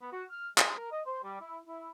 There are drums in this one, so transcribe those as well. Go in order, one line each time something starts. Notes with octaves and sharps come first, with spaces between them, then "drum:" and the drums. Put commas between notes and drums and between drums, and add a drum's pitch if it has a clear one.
B3
F#4
F6
G#3, drum: clap
A#4
D#5
C5
G3
E4
E4